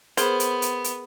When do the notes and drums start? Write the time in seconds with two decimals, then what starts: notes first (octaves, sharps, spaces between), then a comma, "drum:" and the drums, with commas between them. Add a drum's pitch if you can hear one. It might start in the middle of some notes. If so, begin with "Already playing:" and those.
0.17 B3 G#4 A#4 C5 G#6, drum: hi-hat
0.40 drum: hi-hat
0.62 drum: hi-hat
0.84 drum: hi-hat